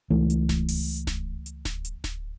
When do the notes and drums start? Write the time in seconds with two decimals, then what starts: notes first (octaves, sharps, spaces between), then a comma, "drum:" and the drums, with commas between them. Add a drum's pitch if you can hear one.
0.10 C#2 E3 A3
0.30 drum: hi-hat
0.49 drum: snare D1
0.68 drum: open hi-hat
1.07 drum: snare D1
1.46 drum: hi-hat
1.65 drum: snare D1
1.85 drum: hi-hat
2.04 drum: snare D1